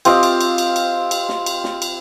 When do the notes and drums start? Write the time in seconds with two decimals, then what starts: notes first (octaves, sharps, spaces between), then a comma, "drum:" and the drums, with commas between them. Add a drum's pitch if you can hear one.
0.05 C4 F4 G4 D#5, drum: cymbal
0.23 drum: cymbal
0.41 drum: cymbal
0.58 drum: cymbal
0.76 drum: cymbal
1.11 drum: cymbal
1.29 drum: snare
1.46 drum: cymbal
1.64 drum: snare
1.82 drum: cymbal